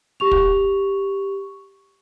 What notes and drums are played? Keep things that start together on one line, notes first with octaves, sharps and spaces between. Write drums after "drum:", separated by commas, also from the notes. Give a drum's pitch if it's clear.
G4 C#6 F7
drum: kick